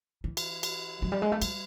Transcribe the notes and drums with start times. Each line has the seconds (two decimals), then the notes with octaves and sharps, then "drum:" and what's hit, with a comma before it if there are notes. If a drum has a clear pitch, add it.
0.24 E3
0.37 drum: cymbal
0.63 drum: cymbal
1.02 F#3
1.12 G3
1.22 G#3
1.32 A3
1.42 G3, drum: cymbal